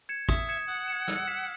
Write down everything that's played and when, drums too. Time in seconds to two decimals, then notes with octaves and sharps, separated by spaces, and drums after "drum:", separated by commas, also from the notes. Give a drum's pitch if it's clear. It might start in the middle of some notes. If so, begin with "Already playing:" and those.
0.09 G#6 C#7 E7
0.29 E5 D#6, drum: kick
0.49 G#6 C#7 E7
0.68 F#5 D#6
0.88 G#6 C#7 E7
1.08 E6, drum: snare
1.27 B6 E7